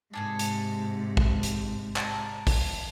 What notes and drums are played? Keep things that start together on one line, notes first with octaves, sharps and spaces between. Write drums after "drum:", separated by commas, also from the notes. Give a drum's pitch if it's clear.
G#2 C3 D4 G#4 A4
drum: hi-hat
drum: kick
drum: hi-hat
D5 A5 A#5, drum: clap
drum: kick, open hi-hat